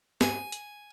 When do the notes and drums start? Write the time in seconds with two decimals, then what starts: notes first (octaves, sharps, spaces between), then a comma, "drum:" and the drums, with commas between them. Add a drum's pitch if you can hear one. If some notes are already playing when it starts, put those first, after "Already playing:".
0.21 G#5, drum: snare
0.52 drum: hi-hat